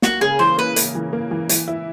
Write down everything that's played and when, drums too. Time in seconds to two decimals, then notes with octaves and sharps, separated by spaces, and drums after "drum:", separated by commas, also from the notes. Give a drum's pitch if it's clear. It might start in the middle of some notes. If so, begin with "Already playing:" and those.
0.02 A#3 F#4, drum: snare
0.21 C#3 G#4
0.39 E3 C5
0.58 A#3 B4
0.76 A#3, drum: hi-hat
0.95 E3
1.13 A#3
1.31 E3
1.49 E3, drum: hi-hat
1.68 E4